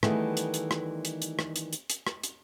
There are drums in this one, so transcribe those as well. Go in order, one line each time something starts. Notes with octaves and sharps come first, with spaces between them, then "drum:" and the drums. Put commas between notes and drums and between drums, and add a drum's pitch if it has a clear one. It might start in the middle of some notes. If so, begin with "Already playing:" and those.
D#3 E3 G3 A3 B3 G#4, drum: rim click
drum: hi-hat
drum: hi-hat
drum: rim click
drum: hi-hat
drum: hi-hat
drum: rim click
drum: hi-hat
drum: hi-hat
drum: hi-hat
drum: rim click
drum: hi-hat